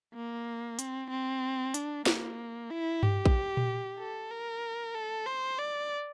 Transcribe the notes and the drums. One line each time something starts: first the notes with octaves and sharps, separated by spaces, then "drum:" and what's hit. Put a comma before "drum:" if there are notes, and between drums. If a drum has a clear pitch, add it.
A#3
C4, drum: hi-hat
C4
D4, drum: hi-hat
A#3, drum: snare
E4
G4, drum: tom G2
drum: kick A#1
drum: tom A#2
A4
A#4
A4
C5
D5